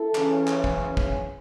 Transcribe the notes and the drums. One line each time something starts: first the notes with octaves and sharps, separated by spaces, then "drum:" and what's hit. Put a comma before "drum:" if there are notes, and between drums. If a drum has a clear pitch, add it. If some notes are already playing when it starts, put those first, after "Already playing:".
Already playing: E4 A4
C#3 E3 C#4, drum: clap
drum: clap
drum: kick
drum: kick